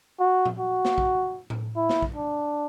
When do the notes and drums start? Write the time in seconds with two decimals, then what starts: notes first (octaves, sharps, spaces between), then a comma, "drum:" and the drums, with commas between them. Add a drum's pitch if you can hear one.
0.20 F#4
0.45 drum: tom A#2
0.59 F#4
0.85 drum: snare
0.98 drum: kick A#1
1.50 drum: tom A2
1.76 E4
1.89 drum: snare
2.02 drum: kick A#1
2.16 D4